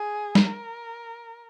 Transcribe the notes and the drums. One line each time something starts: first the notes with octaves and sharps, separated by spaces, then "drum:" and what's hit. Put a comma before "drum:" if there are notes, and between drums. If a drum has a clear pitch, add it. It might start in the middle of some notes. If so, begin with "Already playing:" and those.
Already playing: G#4
A#4, drum: snare